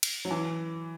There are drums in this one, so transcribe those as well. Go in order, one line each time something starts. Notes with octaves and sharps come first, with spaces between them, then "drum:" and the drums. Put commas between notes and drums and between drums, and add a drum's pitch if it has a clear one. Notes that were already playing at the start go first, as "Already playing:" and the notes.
drum: cymbal
F#3
E3